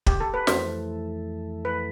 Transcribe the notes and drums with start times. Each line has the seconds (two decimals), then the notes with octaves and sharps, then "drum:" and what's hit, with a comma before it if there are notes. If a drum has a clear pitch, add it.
0.06 G4, drum: kick
0.20 A4
0.34 B4
0.47 F2 E3 A3 E4 A4 C5, drum: snare
1.65 B4